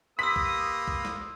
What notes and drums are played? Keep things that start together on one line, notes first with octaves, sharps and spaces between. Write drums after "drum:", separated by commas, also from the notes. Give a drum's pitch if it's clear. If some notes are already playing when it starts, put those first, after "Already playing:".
A#3 G4 B4 C6 D#6 E6 B6
drum: kick B1
drum: kick B1
drum: snare